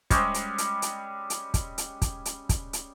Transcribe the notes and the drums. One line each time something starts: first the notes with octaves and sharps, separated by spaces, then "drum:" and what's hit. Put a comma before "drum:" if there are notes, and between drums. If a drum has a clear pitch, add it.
G3 G#3 C#4, drum: kick, hi-hat
drum: hi-hat
drum: hi-hat
drum: hi-hat
drum: hi-hat
drum: kick, hi-hat
drum: hi-hat
drum: kick, hi-hat
drum: hi-hat
drum: kick, hi-hat
drum: hi-hat